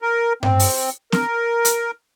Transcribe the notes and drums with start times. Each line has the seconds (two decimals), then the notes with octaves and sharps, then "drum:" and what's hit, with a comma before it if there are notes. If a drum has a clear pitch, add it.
0.02 A#4
0.43 C4, drum: tom G2
0.59 drum: open hi-hat
1.12 A#4, drum: snare
1.65 drum: hi-hat